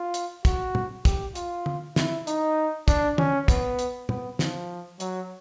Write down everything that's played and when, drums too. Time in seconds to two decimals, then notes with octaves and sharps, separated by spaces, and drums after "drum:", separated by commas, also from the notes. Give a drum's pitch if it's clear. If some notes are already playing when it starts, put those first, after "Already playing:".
Already playing: F4
0.14 drum: hi-hat
0.45 F#4, drum: kick, hi-hat
0.75 drum: tom
1.05 G4, drum: kick, hi-hat
1.35 F4, drum: hi-hat
1.66 drum: tom
1.96 E4, drum: snare
2.27 D#4, drum: hi-hat
2.88 D4, drum: kick, hi-hat
3.18 C#4, drum: tom
3.48 B3, drum: kick, hi-hat
3.79 drum: hi-hat
4.09 B3, drum: tom
4.39 F3, drum: snare
5.00 F#3, drum: hi-hat